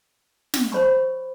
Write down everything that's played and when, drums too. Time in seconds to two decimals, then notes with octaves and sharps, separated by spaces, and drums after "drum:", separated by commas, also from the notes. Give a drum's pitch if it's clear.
0.54 drum: snare
0.72 C5 C#5 B5 C#6